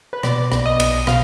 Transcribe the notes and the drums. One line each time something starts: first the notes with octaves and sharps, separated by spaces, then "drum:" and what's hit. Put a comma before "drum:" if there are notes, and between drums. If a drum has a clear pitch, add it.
B4
B2 D5, drum: rim click
B1, drum: rim click
D#5
B1, drum: cymbal
B2 F5, drum: rim click